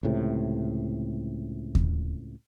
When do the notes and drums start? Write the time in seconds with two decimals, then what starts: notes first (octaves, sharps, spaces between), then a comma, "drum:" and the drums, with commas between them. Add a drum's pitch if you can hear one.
0.03 C#2 A2 C3
1.75 drum: kick D#2